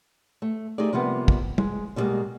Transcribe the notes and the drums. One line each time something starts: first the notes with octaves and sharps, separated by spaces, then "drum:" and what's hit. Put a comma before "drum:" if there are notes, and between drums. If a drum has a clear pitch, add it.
A3
A3 D#4 G4 G#4 D5
C3 F3 G3 A#3 B3
drum: kick
G#3, drum: tom
B2 D3 F3 G3 G#3 A#3